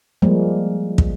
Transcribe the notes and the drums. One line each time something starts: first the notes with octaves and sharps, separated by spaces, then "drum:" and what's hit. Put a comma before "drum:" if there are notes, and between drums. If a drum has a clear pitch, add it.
F3 G3 G#3 A#3
drum: kick